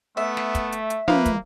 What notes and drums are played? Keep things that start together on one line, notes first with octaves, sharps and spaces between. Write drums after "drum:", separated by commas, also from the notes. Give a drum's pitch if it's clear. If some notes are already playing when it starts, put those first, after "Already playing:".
A3 B3 E5
drum: snare
drum: kick, hi-hat
drum: hi-hat
drum: hi-hat
F3 A#3 B4 F5, drum: tom
drum: kick, hi-hat